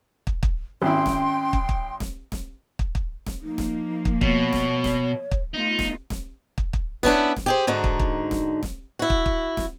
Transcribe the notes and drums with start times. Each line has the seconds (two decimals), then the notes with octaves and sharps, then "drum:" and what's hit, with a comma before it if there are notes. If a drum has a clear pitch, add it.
0.27 drum: kick
0.43 drum: kick
0.82 G#1 C#4 E4 G5 C6
1.06 drum: snare
1.53 drum: kick
1.69 drum: kick
2.00 drum: snare
2.32 drum: snare
2.79 drum: kick
2.95 drum: kick
3.26 drum: snare
3.42 F3 A#3 D#4
3.58 drum: snare
4.05 drum: kick
4.21 B2 C#5, drum: kick
4.53 drum: snare
4.84 drum: snare
5.31 drum: kick
5.54 A3 B3 D#4 F4
5.79 drum: snare
6.10 drum: snare
6.58 drum: kick
6.73 drum: kick
7.03 B3 C#4 D4 E4, drum: snare
7.36 drum: snare
7.46 G4 G#4 C5
7.67 G#2 D3 D#4 F#4
7.84 drum: kick
8.00 drum: kick
8.31 drum: snare
8.63 drum: snare
8.99 E4 F#4
9.10 drum: kick
9.26 drum: kick
9.57 drum: snare